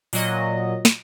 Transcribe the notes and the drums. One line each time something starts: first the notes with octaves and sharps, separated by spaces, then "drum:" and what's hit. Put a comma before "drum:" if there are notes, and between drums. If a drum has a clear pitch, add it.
A#2 F#3 D#5, drum: open hi-hat
drum: snare